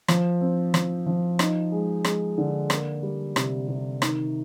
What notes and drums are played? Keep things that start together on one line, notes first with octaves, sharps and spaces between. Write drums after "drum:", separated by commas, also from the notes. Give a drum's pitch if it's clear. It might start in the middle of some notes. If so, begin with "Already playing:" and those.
F3, drum: rim click
C4
F3, drum: rim click
F3
D#4, drum: rim click
G#3
G#3, drum: rim click
D3
A#3, drum: rim click
G3
C3, drum: rim click
C3
D#3, drum: rim click